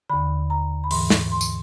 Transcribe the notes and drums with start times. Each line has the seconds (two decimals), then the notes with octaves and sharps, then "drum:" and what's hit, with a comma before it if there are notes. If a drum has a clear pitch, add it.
0.10 D#2 D3 B5
0.50 A#5
0.84 B5
0.91 G#2 E3 C6, drum: open hi-hat
1.10 C#6, drum: snare
1.32 C6
1.41 drum: tambourine